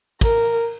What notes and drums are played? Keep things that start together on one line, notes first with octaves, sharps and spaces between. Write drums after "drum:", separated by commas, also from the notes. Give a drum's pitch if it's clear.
A#4, drum: kick, cymbal